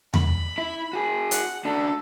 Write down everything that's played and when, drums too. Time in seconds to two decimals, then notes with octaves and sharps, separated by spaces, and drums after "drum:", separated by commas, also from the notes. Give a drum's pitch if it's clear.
0.14 B5, drum: tom E2
0.58 E4
0.93 F#4 G#4
1.31 F#5, drum: hi-hat
1.65 D4 F#4 A4